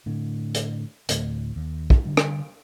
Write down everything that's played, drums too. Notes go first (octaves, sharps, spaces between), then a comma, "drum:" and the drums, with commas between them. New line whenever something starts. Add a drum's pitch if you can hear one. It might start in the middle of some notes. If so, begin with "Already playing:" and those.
A2 D3
drum: hi-hat
D1 D2 A2, drum: hi-hat
D#2
drum: kick
D3 G3
drum: rim click